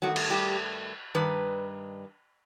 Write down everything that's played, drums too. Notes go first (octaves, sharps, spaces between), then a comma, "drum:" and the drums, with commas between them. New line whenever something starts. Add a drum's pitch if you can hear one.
G2 D#3 F#3 A3 F#4
drum: cymbal
G3 G4
G2 D#3 B4